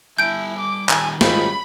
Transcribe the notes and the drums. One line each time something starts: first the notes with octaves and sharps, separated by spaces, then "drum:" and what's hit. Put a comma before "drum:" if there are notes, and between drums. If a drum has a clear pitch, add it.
G3 E4 G#5 A5 G6 D7
D6
D#3 G3 G#5, drum: clap
G#2 D#3 G3 C#4 F4 B5, drum: snare